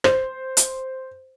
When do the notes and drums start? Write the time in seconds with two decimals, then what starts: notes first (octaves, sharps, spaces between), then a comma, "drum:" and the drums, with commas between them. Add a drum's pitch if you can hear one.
0.04 C5, drum: rim click
0.57 drum: hi-hat